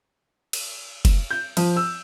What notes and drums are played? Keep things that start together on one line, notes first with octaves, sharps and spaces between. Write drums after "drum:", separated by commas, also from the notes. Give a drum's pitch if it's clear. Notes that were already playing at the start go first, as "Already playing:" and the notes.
drum: cymbal
drum: kick, cymbal
G6
F3, drum: cymbal
E6